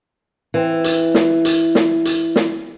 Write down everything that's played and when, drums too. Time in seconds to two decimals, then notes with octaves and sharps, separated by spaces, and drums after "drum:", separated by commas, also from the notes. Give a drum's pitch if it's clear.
0.54 E3 C4
0.84 drum: hi-hat
1.15 drum: snare
1.45 drum: hi-hat
1.75 drum: snare
2.05 drum: hi-hat
2.36 drum: snare